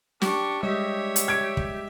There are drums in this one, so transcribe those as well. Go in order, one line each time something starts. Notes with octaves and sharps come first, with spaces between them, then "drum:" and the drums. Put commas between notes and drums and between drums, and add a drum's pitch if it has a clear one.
D4 G4 C#6, drum: snare
G3 G#3 G4 C#5 D#5 E5
drum: hi-hat
G#6 D7
drum: kick